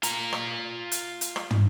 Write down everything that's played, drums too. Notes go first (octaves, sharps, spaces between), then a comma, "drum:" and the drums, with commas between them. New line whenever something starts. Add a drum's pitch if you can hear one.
F4 A#5, drum: hi-hat
drum: rim click
drum: hi-hat
drum: hi-hat
drum: rim click
drum: tom